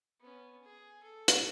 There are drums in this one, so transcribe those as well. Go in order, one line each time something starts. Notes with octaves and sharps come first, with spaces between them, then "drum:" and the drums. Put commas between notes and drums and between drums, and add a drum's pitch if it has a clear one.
B3 C#4
G#4
A4
drum: hi-hat